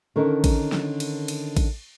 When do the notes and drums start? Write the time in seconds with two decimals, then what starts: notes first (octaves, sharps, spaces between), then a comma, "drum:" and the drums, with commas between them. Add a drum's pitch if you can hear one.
0.16 D3 D#3 C#4 D#4 A#4
0.44 drum: kick A1, cymbal
0.72 drum: snare
1.00 drum: cymbal
1.28 drum: cymbal
1.57 drum: kick A1, cymbal